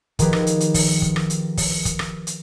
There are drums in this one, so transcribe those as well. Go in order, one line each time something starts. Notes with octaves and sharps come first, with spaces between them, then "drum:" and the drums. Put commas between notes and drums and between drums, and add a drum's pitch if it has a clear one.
D#3 F3 G4 G#4 B4, drum: kick, hi-hat
drum: rim click
drum: hi-hat
drum: hi-hat
drum: kick, open hi-hat
drum: kick
drum: rim click
drum: hi-hat
drum: kick, open hi-hat
drum: kick, hi-hat
drum: rim click
drum: hi-hat